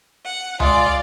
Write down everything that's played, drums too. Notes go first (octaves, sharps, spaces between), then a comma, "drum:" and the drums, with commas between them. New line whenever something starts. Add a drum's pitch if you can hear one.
F#5
G#3 F4 D5, drum: tom C#2